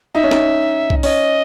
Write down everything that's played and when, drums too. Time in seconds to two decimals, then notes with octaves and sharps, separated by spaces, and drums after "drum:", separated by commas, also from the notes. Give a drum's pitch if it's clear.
0.15 D#4 E5
0.23 C#4
0.31 D#4, drum: snare
0.90 drum: kick
1.03 C#4 D#5, drum: open hi-hat